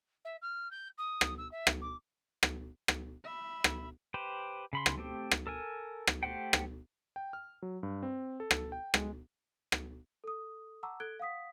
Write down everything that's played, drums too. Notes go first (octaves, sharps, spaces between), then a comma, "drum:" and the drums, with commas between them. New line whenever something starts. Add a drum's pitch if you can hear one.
E5
F6
G6
D#6
drum: rim click
E6
E5
drum: rim click
D6
drum: rim click
drum: rim click
E5 B5
drum: rim click
G4 B4 C5
C#3 B5 C6
drum: rim click
A3 C4 G4
drum: rim click
A4 A#4 G#5
drum: rim click
A3 G4 C5 F#5 G5
drum: rim click
G5
F6
F#3
G2
C4
A4
drum: rim click
G5
G#3, drum: rim click
drum: rim click
A4 D#6
F#5 A5 A#5 C#6 D6 E6
A4 F#6 G#6 D7 G7
F5 F#5 D#6 B6